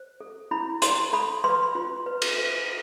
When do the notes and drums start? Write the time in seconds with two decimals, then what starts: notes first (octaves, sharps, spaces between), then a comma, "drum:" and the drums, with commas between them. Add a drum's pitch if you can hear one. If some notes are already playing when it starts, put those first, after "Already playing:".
Already playing: C5
0.21 A4
0.51 E4 B5
0.82 C5 C6, drum: hi-hat
1.13 A4 B5
1.44 B4 C6
1.75 F4
2.06 B4
2.22 drum: cymbal
2.37 B4